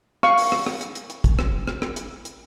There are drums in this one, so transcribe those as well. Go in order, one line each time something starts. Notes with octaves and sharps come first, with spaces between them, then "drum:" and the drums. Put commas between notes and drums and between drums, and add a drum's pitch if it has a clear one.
F5 C#6, drum: rim click
drum: open hi-hat
drum: rim click
drum: rim click
drum: hi-hat
drum: hi-hat
drum: hi-hat
drum: kick, hi-hat
drum: rim click
drum: rim click
drum: rim click
drum: hi-hat
drum: hi-hat